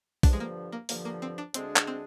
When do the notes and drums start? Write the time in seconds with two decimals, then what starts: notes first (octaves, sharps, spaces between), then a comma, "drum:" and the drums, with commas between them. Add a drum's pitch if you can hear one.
0.23 G2 D3 F3 D4, drum: kick B1, open hi-hat
0.33 G#3
0.40 A#3
0.72 A#3
0.89 G2 D3 F3 A#3, drum: open hi-hat
1.05 A#3
1.22 C4
1.38 D4
1.54 D2 D3 G#3 C4 D4 G#4, drum: hi-hat
1.76 drum: clap
1.87 C4